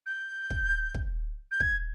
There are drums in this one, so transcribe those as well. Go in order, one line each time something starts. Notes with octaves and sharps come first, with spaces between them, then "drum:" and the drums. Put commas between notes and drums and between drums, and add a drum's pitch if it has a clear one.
G6
drum: kick
drum: kick
G6
G#6, drum: kick